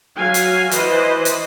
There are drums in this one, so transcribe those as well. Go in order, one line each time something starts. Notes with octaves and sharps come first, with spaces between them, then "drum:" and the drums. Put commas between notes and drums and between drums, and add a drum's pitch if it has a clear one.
F#3 F#4 F5 G#5
drum: hi-hat
E3 B4 C5 D#5, drum: hi-hat
drum: hi-hat